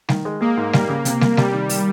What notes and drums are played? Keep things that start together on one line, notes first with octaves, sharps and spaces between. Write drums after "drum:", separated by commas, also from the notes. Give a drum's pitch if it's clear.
D#3, drum: snare
G#3
A#3 G#4
G#2
G3 A#3, drum: snare
C#3
C3, drum: hi-hat
A#3, drum: snare
C3 G3, drum: snare
D#3
A#3, drum: open hi-hat